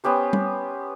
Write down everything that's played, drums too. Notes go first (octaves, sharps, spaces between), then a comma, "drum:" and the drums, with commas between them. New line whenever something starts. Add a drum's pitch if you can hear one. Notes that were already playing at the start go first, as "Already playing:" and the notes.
B3 C#4 G4 C5
drum: tom G3